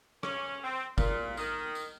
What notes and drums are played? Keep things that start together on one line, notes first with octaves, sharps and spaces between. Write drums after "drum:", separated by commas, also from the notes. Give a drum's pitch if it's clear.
C#4, drum: rim click
C4
A#2, drum: kick, tambourine
D#3, drum: tambourine
drum: tambourine